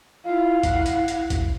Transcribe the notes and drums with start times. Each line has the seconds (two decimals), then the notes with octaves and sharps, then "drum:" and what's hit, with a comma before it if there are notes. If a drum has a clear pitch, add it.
0.24 E4 F4 F5
0.63 E4 F#5, drum: kick, hi-hat
0.86 drum: hi-hat
1.08 drum: hi-hat
1.30 drum: kick, hi-hat